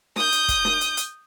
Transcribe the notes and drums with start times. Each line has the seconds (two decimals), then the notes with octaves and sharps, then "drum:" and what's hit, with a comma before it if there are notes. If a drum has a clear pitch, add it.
0.16 D#6 G6, drum: snare
0.32 drum: hi-hat
0.49 drum: kick, hi-hat
0.65 drum: snare
0.81 drum: hi-hat
0.97 drum: hi-hat